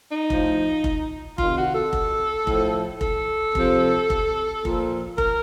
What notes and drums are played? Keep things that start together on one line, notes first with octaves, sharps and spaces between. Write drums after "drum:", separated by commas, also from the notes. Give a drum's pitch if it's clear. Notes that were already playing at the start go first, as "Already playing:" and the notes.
D#4
A2 F3, drum: kick F1
drum: kick F1
C3 D#3 F4, drum: kick F1
F#4
A4
drum: kick F1
A2 F3, drum: kick F1
A4, drum: kick F1
C3 F3, drum: kick F1
drum: kick F1
A#2 F3, drum: kick F1
A#4, drum: kick F1